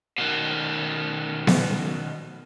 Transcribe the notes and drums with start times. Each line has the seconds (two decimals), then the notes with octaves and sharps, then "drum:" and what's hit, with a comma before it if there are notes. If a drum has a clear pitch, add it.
0.18 B2 D#3
1.47 drum: snare B3